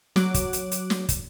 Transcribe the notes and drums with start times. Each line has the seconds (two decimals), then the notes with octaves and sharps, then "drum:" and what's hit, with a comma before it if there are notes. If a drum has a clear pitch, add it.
0.16 F#3 D6 F#6, drum: snare
0.34 drum: kick, hi-hat
0.53 drum: hi-hat
0.71 drum: hi-hat
0.90 drum: snare
1.09 drum: kick, hi-hat